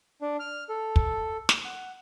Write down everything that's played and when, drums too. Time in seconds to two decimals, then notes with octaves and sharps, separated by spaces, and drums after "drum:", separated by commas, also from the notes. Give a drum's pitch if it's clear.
0.21 D4
0.40 F6
0.69 A4
0.96 drum: kick
1.49 drum: snare
1.65 F#5